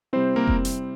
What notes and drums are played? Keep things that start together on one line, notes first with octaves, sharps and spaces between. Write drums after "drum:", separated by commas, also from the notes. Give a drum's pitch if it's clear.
C3 G3 C4 E4 C5
A#3 A#4
drum: kick F1
drum: hi-hat